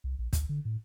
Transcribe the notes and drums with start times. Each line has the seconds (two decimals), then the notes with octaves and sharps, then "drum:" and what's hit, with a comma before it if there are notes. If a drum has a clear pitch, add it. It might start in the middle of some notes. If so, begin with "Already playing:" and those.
0.04 C2
0.19 A#1
0.33 D2, drum: kick, hi-hat
0.49 D3
0.65 A2